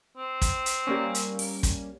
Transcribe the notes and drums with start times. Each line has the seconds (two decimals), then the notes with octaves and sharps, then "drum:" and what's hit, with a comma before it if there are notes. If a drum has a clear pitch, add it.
0.17 C4
0.42 drum: kick, hi-hat
0.66 drum: hi-hat
0.87 G3 A#3 C#4
1.15 drum: hi-hat
1.39 drum: open hi-hat
1.63 drum: kick, hi-hat